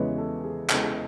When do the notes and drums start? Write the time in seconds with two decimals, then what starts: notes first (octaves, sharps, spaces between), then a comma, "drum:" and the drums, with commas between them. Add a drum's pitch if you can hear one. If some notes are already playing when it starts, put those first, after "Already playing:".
Already playing: E2 C#3 E3 G#3 B4 C#5
0.18 A4
0.44 G#4
0.69 E2 C#3 E3 G#3 A4, drum: clap
0.82 G#4